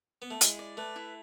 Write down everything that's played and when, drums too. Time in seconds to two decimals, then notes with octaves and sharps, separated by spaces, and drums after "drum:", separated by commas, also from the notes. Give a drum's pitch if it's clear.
0.22 B3
0.31 A3
0.41 G#3 E4, drum: hi-hat
0.59 D5
0.77 A3 B4
0.96 E4